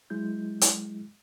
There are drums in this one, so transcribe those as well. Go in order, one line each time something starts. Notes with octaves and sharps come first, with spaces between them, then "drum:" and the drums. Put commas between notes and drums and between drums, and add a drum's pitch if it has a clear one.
F#3 G#3 E4 G6
drum: hi-hat